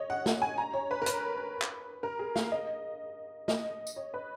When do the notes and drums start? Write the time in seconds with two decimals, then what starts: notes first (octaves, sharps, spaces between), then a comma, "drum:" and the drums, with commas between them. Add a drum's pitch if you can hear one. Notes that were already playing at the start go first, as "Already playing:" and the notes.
Already playing: C#5 D#5
0.10 F#5
0.26 F#5, drum: snare
0.42 G#5
0.58 A#5
0.74 C#5
0.91 B4
1.02 A#4
1.06 B4, drum: hi-hat
1.62 drum: clap
2.03 A#4
2.19 G#4
2.36 F5, drum: snare
2.52 D#5
3.48 D#5, drum: snare
3.87 drum: tambourine
3.96 C#5
4.14 B4